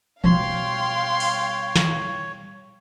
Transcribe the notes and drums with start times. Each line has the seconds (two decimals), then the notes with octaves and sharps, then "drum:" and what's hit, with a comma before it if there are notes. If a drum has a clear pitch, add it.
0.24 B2 G3 C#5 F5 G5 C6, drum: tom E3
1.20 drum: cymbal
1.76 drum: snare